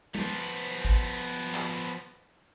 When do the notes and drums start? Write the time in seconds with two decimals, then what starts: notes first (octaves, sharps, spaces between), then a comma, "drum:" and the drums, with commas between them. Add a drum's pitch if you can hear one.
0.15 F3 B3, drum: tom
0.85 drum: kick
1.55 drum: clap